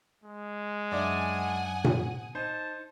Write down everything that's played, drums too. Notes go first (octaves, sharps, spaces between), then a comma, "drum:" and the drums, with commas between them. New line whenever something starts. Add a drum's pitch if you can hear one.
G#3
F#2 D4 D5 E5 F#5 G#5 D#6
drum: tom A#2
D#4 C5 A5